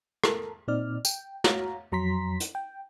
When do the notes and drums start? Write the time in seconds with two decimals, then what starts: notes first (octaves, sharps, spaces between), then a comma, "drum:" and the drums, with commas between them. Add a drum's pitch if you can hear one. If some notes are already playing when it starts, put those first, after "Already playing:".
0.24 A4 A#4, drum: rim click
0.68 A#2 C4 D#4 D5 F6
1.05 G5, drum: tambourine
1.44 F#4 C#5 F5 A#5, drum: snare
1.92 F2 F#3 A#5 C6 B6
2.40 drum: hi-hat
2.55 G5